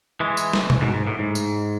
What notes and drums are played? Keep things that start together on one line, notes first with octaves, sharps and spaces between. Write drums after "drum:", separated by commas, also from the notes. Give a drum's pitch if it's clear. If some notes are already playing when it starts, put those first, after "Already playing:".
E3 G#3
drum: tambourine
drum: snare
drum: tom B2
G#2 B2
G#2
A2
G#2
drum: tambourine